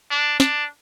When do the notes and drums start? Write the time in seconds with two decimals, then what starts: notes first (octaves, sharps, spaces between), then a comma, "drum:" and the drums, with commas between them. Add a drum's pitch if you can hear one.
0.10 D4
0.40 D4, drum: snare